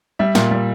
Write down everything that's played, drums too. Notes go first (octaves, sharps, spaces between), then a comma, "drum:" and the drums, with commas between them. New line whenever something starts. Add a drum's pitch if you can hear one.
G3 E5
A#2, drum: snare
G3